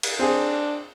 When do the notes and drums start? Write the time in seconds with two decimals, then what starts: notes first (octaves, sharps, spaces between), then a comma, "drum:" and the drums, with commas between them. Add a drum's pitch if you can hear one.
0.03 drum: cymbal
0.19 C4 D4 G#4